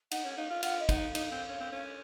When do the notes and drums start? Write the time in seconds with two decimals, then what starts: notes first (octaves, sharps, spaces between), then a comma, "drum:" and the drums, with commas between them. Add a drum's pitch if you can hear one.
0.11 D#4 F#5, drum: cymbal
0.24 C#4
0.37 D#4 F5
0.50 F4
0.63 F4 F#5, drum: cymbal
0.80 D#5
0.89 D#4 F#5, drum: kick, cymbal
0.98 F5
1.15 D#4, drum: cymbal
1.32 C4
1.49 C#4
1.61 C4
1.72 C#4